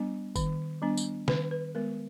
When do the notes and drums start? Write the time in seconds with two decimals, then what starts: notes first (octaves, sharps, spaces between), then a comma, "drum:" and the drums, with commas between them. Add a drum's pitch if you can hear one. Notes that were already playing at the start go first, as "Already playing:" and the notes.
Already playing: G3 B3 D4
0.36 D#3, drum: kick F#1, tambourine
0.82 G3 B3 D4
0.97 drum: tambourine
1.28 D#3 B4, drum: snare
1.51 B4
1.75 G#3 B3 A#4